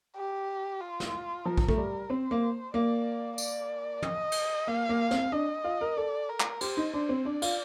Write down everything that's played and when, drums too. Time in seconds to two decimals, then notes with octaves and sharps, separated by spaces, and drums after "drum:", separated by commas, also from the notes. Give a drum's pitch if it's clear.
0.16 G4
0.80 F4
1.00 drum: snare
1.45 F3 A#4
1.57 drum: kick
1.68 A3, drum: kick
1.77 G3
2.10 C4 C5
2.31 A#3
2.74 A#3 D5
3.38 D5, drum: tambourine
4.02 D#5, drum: tom
4.32 drum: cymbal
4.67 A#3 F5
4.89 A#3
5.11 C4, drum: snare
5.32 D4 D#5
5.64 F4
5.81 A#4
5.97 A4 D5
6.29 A#4
6.40 drum: clap
6.61 G4 C5, drum: cymbal
6.77 D#4
6.93 D4 C5
7.09 C4
7.25 D4 D5
7.42 F4, drum: cymbal